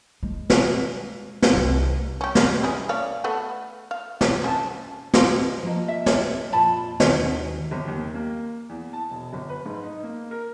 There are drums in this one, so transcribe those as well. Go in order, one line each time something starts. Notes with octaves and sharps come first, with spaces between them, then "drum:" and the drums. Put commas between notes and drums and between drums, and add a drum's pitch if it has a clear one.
G#3
drum: snare
drum: snare
C2 A3
C#4 G4
drum: snare
C#4 E4 G#4
C#5 D5 F5
A3 B3 A4
F5
drum: snare
C#4 G#5 A5
drum: snare
F3 A#3 D#5
E5
drum: snare
F2 A#2 F4 A5 B5
D#2 D#3 G#3 D4 F#4 G#5, drum: snare
G1
D#2
A#3
E2
A5
E1
G1
B4
G#2
D#4
A#3
A#4